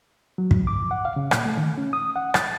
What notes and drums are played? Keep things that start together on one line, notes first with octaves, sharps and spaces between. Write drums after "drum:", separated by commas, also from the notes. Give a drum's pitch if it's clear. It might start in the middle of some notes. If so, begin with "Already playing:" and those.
F#3
drum: kick
D6
F#5
F5
C#3
A#2, drum: rim click
A3
D#3
C#4
D#6
F#5
A6, drum: rim click